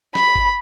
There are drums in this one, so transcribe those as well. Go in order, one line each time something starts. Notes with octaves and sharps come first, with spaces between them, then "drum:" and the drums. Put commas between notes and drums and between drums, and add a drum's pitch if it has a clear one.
B5, drum: snare
drum: kick G#1